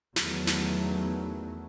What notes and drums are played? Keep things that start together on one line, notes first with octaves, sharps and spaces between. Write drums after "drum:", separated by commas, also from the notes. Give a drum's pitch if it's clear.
E2 D#3 F#3 A3 B3, drum: snare
drum: snare